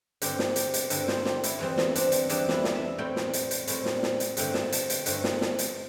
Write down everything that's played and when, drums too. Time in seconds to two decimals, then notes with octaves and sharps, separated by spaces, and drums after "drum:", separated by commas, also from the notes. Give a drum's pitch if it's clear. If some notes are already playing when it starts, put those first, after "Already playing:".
0.22 G2 D3 C4 G4, drum: hi-hat
0.39 drum: snare
0.56 G4, drum: hi-hat
0.74 drum: hi-hat
0.90 G2 D3 C4 A4, drum: hi-hat
1.08 C5, drum: snare
1.25 G4, drum: snare
1.44 E4, drum: hi-hat
1.59 E2 E3 G3 C4
1.78 C4, drum: snare
1.95 D4, drum: hi-hat
2.12 C4, drum: hi-hat
2.29 E2 E3 G3 D4, drum: hi-hat
2.49 D4 E4, drum: snare
2.64 drum: snare
2.75 E5
2.98 A2 G3 C4 G5
3.16 drum: snare
3.33 drum: hi-hat
3.51 drum: hi-hat
3.67 A2 G3 C4, drum: hi-hat
3.85 drum: snare
4.03 drum: snare
4.20 drum: hi-hat
4.37 G2 D3 A3 C4 G5, drum: hi-hat
4.54 A5, drum: snare
4.72 A5, drum: hi-hat
4.90 G5, drum: hi-hat
5.06 G2 D3 A3 C4, drum: hi-hat
5.24 drum: snare
5.41 drum: snare
5.59 drum: hi-hat